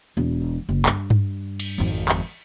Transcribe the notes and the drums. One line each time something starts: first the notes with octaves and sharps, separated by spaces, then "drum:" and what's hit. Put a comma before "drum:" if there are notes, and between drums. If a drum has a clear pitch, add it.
E1
F#1
G2, drum: clap
drum: tom G2
drum: cymbal
G#1 F2
drum: clap